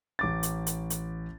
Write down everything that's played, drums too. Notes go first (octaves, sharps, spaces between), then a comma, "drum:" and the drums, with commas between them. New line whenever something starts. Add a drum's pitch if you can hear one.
A1 D6 A6
drum: hi-hat
drum: hi-hat
drum: hi-hat